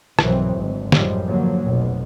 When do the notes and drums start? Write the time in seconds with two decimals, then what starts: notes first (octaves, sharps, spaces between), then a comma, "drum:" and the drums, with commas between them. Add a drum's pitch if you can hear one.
0.19 B1 G2 D#3 E3 F#3 C4, drum: rim click
0.53 G#1 D2
0.92 F#2 A2 F3 G3 G#3, drum: snare
1.26 D3 F3 F#3 A#3
1.64 F1 B1 B2